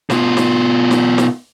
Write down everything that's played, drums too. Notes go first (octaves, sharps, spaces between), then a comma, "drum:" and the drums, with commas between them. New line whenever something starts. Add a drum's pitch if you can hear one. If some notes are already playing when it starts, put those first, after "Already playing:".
B2 F4, drum: snare
drum: snare
drum: snare
drum: snare